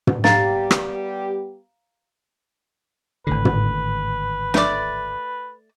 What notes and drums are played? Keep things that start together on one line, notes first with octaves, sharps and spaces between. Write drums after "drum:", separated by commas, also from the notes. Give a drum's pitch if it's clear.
drum: tom
G3 B3 G4 F5 A#5 A6, drum: snare
drum: rim click
G#1 A2 D3 B4
drum: tom
A3 D5, drum: snare